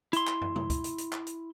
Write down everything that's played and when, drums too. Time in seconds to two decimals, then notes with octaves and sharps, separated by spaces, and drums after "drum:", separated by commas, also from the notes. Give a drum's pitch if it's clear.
0.13 E4 C6, drum: hi-hat
0.27 drum: clap
0.41 drum: tom
0.56 drum: tom
0.70 drum: kick, hi-hat
0.84 drum: hi-hat
0.98 drum: hi-hat
1.12 drum: clap
1.27 drum: hi-hat